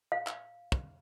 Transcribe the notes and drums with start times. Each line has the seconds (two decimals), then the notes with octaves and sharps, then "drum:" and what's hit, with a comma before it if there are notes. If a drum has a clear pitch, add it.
0.12 F5
0.27 drum: clap
0.72 drum: kick